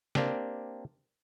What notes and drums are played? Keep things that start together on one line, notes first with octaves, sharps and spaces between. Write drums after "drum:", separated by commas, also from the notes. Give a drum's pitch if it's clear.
A#3 C4 D4 G4, drum: snare C3